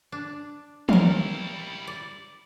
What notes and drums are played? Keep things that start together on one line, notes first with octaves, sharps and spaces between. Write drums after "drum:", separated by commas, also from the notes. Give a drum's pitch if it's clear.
D4
G3 E4 A#4 F5, drum: tom
D5